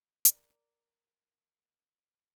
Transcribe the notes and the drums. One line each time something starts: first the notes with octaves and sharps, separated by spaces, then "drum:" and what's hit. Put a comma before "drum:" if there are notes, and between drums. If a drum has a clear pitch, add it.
A#4 D5, drum: hi-hat